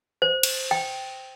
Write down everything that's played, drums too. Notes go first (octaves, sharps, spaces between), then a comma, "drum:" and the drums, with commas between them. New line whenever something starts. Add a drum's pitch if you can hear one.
C5
drum: cymbal
G5